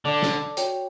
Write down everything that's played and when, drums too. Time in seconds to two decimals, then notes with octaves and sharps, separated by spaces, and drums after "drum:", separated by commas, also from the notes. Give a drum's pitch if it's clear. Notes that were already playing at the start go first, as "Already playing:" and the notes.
0.05 D3 A4 D5 A5 D6
0.22 drum: snare
0.57 F#4 C#5 G5, drum: hi-hat